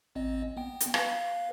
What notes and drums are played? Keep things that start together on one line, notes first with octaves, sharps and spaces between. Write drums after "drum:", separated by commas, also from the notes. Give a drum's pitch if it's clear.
A1 C4 D#5
B3 G5
drum: hi-hat
B4 F5, drum: rim click